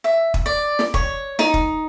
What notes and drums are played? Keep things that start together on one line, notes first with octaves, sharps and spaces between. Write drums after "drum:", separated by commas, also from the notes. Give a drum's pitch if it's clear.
E5
drum: kick
D5
drum: snare
C#5, drum: kick
D#4, drum: snare
drum: kick